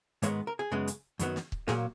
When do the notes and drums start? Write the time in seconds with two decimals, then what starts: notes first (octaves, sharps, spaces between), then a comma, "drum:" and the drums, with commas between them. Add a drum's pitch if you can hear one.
0.22 G#2 D#3 G#3 B3 C#5, drum: hi-hat
0.47 A#4
0.59 G#4
0.71 F#2 C#3 G#3 B3
0.87 drum: hi-hat
1.19 F#2 D#3 F#3 B3, drum: hi-hat
1.36 drum: snare
1.52 drum: kick
1.68 A#2 F#3 A#3 G#4, drum: snare